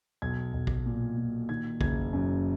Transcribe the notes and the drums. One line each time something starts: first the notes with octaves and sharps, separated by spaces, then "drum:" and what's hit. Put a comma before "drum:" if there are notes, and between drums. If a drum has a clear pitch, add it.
B1 G#6
B1
drum: kick A#1
A#2
A#2
D#3 G#6
F#1 G#6, drum: kick A#1
F#2